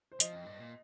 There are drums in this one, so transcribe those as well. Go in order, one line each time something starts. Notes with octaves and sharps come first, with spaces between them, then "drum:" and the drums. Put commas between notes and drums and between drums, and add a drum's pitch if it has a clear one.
C5
F3 D#5, drum: hi-hat
F2
G2
A#2